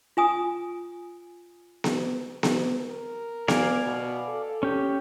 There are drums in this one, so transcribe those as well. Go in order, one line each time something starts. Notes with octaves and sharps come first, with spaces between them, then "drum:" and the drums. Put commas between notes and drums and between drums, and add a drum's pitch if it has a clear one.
F4 G#5 D#6
drum: snare B3
drum: snare B3
A#4
D5 F5 G#5, drum: snare B3
B2
A4
C#4 G4